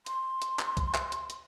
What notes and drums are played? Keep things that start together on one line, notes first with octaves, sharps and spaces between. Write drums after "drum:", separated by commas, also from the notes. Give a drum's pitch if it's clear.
C6, drum: hi-hat
drum: hi-hat
drum: clap
drum: kick C2, hi-hat
drum: clap
drum: hi-hat
drum: hi-hat